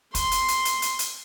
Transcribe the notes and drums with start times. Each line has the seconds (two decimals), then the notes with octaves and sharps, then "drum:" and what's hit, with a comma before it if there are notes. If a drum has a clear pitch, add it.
0.15 C6, drum: kick, hi-hat
0.31 drum: hi-hat
0.48 drum: hi-hat
0.65 drum: hi-hat
0.82 drum: hi-hat
0.99 drum: hi-hat